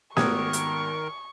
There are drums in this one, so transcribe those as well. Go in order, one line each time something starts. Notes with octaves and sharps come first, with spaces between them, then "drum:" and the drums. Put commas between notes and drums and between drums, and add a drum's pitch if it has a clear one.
G#1 D#3 B3 G4 A#4 C#6 D#6 G#6, drum: snare
drum: hi-hat